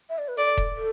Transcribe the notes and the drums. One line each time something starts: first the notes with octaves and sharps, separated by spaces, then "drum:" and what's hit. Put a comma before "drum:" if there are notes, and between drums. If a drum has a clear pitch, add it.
E5
D5
B4
A4 D5
drum: kick E1
A4